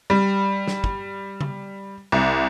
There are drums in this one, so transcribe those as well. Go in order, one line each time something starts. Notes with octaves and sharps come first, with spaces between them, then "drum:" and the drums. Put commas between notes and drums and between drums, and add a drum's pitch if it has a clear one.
G3
drum: snare
drum: kick
drum: tom C#3
C2